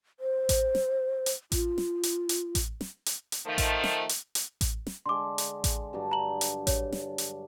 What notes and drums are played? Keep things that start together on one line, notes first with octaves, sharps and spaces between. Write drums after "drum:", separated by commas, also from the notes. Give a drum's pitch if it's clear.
C5
drum: kick A1, hi-hat
drum: snare
drum: hi-hat
F4, drum: kick A1, hi-hat
drum: snare
drum: hi-hat
drum: hi-hat
drum: kick A1, hi-hat
drum: snare
drum: hi-hat
drum: hi-hat
D#3 F3 A3
drum: kick A1, hi-hat
drum: snare
drum: hi-hat
drum: hi-hat
drum: kick A1, hi-hat
drum: snare
D3 G#3 C6 D6
drum: hi-hat
drum: kick A1, hi-hat
G2 F#3 D4
A#5 F#7
drum: hi-hat
C#5, drum: kick A1, hi-hat
drum: snare
drum: hi-hat